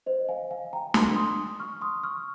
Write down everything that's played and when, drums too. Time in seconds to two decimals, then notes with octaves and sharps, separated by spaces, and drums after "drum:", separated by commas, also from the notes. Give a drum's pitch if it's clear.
0.06 C5 D#5
0.29 F5 G#5
0.51 F5 G#5
0.73 G5 A#5
0.94 G#5 C6, drum: snare
1.16 C6 D#6
1.60 C#6 F6
1.81 C6 D#6
2.03 C#6 F6